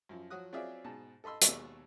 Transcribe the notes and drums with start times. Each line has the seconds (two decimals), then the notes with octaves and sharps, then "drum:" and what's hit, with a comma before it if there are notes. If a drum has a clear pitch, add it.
0.09 F#2 F3
0.30 F3 F#3 F#4 D#6 F#6
0.52 F#3 C4 F4 G#4 D5 E5
0.84 G#2 B2 A5
1.24 A4 D#5 B5 C6 E6
1.42 D#2 B2 G#3 A5 C#6 E6, drum: hi-hat